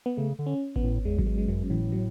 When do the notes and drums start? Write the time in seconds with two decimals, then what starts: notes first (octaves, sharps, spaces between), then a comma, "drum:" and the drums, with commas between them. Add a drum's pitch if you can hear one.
0.06 B3
0.17 C#3 A3
0.39 D3
0.47 C#4
0.76 B3, drum: kick G#1
0.83 A2
1.05 E2 G#3
1.19 F#3, drum: kick G#1
1.27 G#3
1.38 G#3
1.48 F#2 F#3
1.70 A2 E3
1.92 F#3